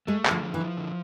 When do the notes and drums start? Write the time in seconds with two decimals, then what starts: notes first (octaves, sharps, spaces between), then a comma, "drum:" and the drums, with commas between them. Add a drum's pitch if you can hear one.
0.07 G#3 A3
0.25 D3, drum: clap
0.31 F3
0.43 F3
0.54 E3
0.61 F3
0.77 D3